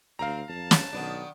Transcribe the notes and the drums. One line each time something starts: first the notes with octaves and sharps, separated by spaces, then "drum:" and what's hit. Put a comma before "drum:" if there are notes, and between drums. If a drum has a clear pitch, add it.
D2 C4 F5 A#5
F2 A5
drum: snare
B1 D#3 B3 D4